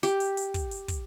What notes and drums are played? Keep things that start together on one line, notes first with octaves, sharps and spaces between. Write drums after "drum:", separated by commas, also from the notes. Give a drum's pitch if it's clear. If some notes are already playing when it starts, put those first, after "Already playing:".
G4, drum: hi-hat
drum: hi-hat
drum: hi-hat
drum: kick, hi-hat
drum: hi-hat
drum: kick, hi-hat